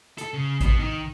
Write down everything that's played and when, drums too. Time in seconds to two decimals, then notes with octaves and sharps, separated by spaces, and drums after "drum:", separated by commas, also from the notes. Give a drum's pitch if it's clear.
0.18 A4, drum: hi-hat
0.34 C#3
0.61 B2, drum: kick G#1, hi-hat
0.79 D#3